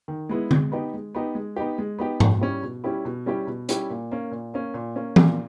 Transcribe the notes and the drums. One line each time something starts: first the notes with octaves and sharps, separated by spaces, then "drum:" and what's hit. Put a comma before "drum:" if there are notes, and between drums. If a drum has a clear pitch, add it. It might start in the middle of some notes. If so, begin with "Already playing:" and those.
D#3
G#3 B3 E4
G#3, drum: tom
B3 D#4 G4
G#3
B3 D#4 G4
G#3
B3 D#4 G4
G#3
B3 D#4 G4
B2, drum: tom G#2
G3 C#4 E4 G4
B2
G3 C#4 E4 G4
B2
G3 C#4 E4 G4
B2
G3 C#4 E4 G4, drum: hi-hat
A#2
A#3 C#4
A#2
A#3 C#4
A#2
A#3 C#4
A#2, drum: tom E3